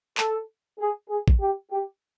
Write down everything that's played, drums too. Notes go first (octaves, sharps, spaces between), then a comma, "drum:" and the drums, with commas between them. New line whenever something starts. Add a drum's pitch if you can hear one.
A4, drum: clap
G#4
G#4
drum: kick
G4
G4